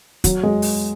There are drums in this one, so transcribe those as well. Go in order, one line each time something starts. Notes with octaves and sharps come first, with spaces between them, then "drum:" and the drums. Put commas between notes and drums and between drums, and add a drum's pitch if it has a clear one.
F#3, drum: kick, hi-hat
G#3
drum: open hi-hat